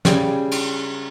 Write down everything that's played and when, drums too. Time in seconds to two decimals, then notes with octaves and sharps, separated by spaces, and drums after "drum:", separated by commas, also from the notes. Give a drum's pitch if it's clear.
0.05 C#3 G3 C#4, drum: snare
0.51 drum: cymbal